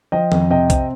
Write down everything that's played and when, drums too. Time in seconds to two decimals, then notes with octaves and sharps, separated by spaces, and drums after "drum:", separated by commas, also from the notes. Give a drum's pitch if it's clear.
0.12 F3 D#5 G5
0.32 F2, drum: tom D#3
0.50 C3 D#5 G5
0.70 C4, drum: kick B1, hi-hat